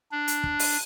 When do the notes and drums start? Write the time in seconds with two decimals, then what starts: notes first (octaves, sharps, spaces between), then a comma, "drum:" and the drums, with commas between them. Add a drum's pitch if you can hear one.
0.12 D4
0.28 drum: hi-hat
0.44 drum: kick
0.59 drum: open hi-hat